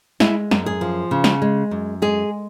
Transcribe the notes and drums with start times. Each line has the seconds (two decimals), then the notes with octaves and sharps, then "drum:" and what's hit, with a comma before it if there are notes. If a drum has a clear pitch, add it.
0.20 G#3 E4, drum: snare
0.51 F#2, drum: snare
0.66 G#4
0.81 F3
1.11 C#3
1.24 drum: snare
1.42 G#3
1.71 F#2
2.02 G#3 G#4